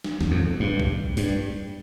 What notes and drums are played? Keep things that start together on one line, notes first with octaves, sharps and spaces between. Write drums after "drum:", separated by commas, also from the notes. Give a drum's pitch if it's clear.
drum: snare
E2, drum: snare
F2
G2
drum: kick B1
G2, drum: open hi-hat